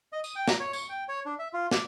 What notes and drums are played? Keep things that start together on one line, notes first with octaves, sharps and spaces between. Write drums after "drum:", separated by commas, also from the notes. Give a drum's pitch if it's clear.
D#5
D#6, drum: tambourine
G5
A#5, drum: snare
C#5
C#6, drum: tambourine
G5
C#5
D4
E5
F4
D5, drum: snare